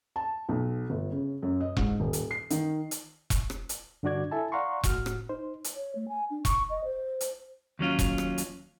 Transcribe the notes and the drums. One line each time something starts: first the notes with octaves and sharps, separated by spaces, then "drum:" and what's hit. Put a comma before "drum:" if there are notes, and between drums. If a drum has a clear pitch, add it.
A5
B1
G1
C#3
F#2
D#5
G#2, drum: kick E1
D#1
drum: hi-hat
C7
D#3, drum: hi-hat
drum: hi-hat
drum: kick E1, hi-hat
drum: rim click
drum: hi-hat
G2 D3 D4 F#4 D5 G#6
E4 A4 E5 G#5 A5
D5 F5 F#5 A#5 C6 C#6
A2 F#4 F6, drum: kick E1, hi-hat
drum: rim click
D#4 C5
drum: hi-hat
C#5
A3
G#5
D4
C#6, drum: kick E1, hi-hat
D#5
C5
drum: hi-hat
D#2 F#3 C#4 F4
drum: kick E1, hi-hat
drum: rim click
drum: hi-hat